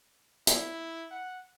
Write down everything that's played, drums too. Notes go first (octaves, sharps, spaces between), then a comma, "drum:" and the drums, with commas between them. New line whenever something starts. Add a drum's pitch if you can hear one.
E4, drum: hi-hat
F#5